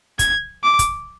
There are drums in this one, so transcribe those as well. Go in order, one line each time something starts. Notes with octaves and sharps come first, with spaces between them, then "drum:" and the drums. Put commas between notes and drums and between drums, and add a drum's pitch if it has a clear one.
G#6, drum: kick, hi-hat
D6
drum: kick, hi-hat